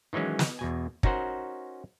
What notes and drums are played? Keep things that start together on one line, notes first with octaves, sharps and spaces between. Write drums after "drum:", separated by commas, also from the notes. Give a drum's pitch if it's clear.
D#3 E3 F#3 G#3 C#4
drum: snare
E2 B2 G#5
C#4 D#4 F#4 A#4 C5 F#5, drum: kick